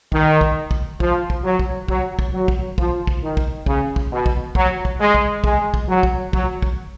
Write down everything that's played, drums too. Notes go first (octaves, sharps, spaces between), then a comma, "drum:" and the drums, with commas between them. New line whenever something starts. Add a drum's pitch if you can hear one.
D#3, drum: kick
drum: kick
drum: kick
F3, drum: kick
drum: kick
F#3
drum: kick
F#3, drum: kick
drum: kick
F#3
drum: kick
F3, drum: kick
drum: kick
D#3
drum: kick
C#3, drum: kick
drum: kick
B2
drum: kick
F#3, drum: kick
drum: kick
G#3
drum: kick
G#3, drum: kick
drum: kick
F#3
drum: kick
F#3, drum: kick
drum: kick